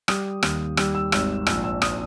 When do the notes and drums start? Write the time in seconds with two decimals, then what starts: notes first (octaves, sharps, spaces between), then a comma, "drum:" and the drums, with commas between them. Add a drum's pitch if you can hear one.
0.08 G3 D#6, drum: rim click
0.43 D#2, drum: rim click
0.77 G3 E6, drum: rim click
0.95 E6
1.12 G#1 E6, drum: rim click
1.46 A#1 E6, drum: rim click
1.64 E6
1.82 D#6, drum: rim click